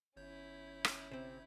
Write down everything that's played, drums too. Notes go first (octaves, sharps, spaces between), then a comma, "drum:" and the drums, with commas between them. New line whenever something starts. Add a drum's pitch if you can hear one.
G1 C#4 E4 C#5 G6
drum: rim click
C3 C4